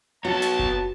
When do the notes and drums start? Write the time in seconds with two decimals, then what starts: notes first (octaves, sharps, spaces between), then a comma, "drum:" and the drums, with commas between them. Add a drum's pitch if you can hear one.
0.25 B3 F#4 C#5 A5
0.42 drum: snare
0.59 drum: kick F#1